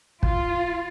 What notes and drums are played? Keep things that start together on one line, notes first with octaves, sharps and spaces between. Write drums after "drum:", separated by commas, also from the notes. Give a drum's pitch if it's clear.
F4, drum: kick